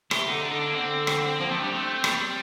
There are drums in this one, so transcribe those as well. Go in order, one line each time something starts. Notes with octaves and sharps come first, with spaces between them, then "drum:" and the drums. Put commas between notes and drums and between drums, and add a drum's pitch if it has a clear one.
C3 G4, drum: rim click
D3 D#4
D3 D4
D#4
D4
A#3
D3 C4
drum: rim click
F3 A#3
A3 C4
G3 D4
A3 C4
G3, drum: rim click